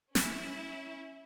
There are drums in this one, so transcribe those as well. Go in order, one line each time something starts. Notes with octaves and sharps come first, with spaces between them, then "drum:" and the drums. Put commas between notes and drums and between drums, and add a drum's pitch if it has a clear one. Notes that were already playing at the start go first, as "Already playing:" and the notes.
C#4 E4, drum: snare